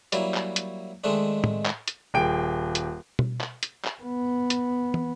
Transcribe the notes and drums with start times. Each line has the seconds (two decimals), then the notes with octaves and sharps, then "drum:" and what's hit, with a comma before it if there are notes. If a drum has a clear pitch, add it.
0.12 F#3 G3 A#3 E4, drum: hi-hat
0.34 drum: clap
0.56 drum: hi-hat
1.04 D#3 G#3 A3 C4 D4
1.44 drum: tom
1.66 drum: clap
1.88 drum: hi-hat
2.14 D#1 G#4 G5 D7
2.75 drum: hi-hat
3.19 drum: tom B2
3.41 drum: clap
3.63 drum: hi-hat
3.85 drum: clap
4.03 B3
4.50 drum: hi-hat
4.94 drum: tom